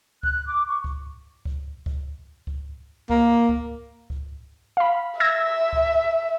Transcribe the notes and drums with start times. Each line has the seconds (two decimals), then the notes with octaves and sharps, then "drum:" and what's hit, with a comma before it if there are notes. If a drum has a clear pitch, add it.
0.23 F#6, drum: kick C#2
0.47 D6
0.68 C#6
0.84 drum: kick C#2
1.45 drum: kick C#2
1.86 drum: kick C#2
2.47 drum: kick C#2
3.10 A#3, drum: kick C#2
3.49 drum: kick C#2
4.10 drum: kick C#2
4.77 F5 B5
5.20 E5 E6 G#6 A#6
5.73 drum: kick C#2